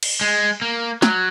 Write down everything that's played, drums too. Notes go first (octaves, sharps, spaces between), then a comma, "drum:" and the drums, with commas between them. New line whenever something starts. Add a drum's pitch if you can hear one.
drum: cymbal
G#3
A#3
F#3, drum: snare